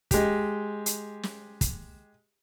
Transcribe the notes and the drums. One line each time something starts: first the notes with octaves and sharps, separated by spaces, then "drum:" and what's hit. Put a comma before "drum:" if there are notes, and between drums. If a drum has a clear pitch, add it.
G#3 G4, drum: kick, hi-hat
drum: hi-hat
drum: snare
drum: kick, hi-hat